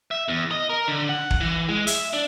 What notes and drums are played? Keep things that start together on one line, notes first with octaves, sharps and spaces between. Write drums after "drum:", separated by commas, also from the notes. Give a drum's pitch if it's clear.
E5
E2
D#5
A#4
D3
F#5
drum: kick
E3
G#3
E5, drum: hi-hat
D4